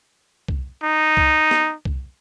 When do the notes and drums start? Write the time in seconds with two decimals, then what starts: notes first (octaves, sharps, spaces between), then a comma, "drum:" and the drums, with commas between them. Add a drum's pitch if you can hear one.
0.48 drum: kick C2
0.83 D#4
1.17 drum: kick C2
1.51 drum: snare
1.85 drum: kick C2